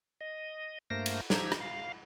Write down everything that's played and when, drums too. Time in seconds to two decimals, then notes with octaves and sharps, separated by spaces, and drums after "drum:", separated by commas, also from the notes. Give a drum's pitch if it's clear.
0.21 D#5
0.90 G2 A3 A#3 A#4 C5 A#6
1.06 drum: cymbal
1.30 F3 D#4 G4 A#5 E6 G#6, drum: snare
1.52 drum: rim click
1.61 F5